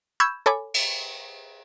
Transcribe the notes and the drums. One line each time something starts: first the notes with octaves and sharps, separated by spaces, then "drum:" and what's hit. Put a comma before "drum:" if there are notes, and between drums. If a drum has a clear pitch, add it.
B5 C#6 E6 G6 G#6 E7
A4 C#5 G#5 B5 D6
drum: cymbal